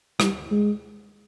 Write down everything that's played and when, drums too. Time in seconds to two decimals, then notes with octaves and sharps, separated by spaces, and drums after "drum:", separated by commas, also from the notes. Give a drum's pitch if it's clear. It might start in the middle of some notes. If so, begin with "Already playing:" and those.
0.20 G3, drum: rim click
0.51 G#3